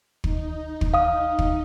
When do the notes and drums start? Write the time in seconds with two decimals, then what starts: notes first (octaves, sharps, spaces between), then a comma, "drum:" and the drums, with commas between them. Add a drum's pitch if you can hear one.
0.24 D#4, drum: kick
0.81 drum: kick
0.94 F5 D#6
1.39 drum: kick